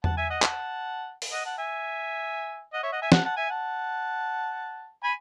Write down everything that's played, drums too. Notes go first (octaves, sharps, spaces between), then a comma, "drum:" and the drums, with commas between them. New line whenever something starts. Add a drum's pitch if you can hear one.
F#5 A5, drum: tom E2
E5 G#5
D#5 F#5
F#5 A5, drum: clap
drum: open hi-hat
D#5 F#5
F#5 A5
E5 G#5
D#5 F#5
C#5 E5
D#5 F#5
E5 G#5
F#5 A5, drum: snare
F#5 A5
E5 G#5
F#5 A5
G#5 B5